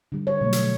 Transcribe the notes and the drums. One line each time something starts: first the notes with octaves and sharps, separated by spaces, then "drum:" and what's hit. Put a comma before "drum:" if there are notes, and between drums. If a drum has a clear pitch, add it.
D3 G3
C#5
B2 F#3 A3
drum: hi-hat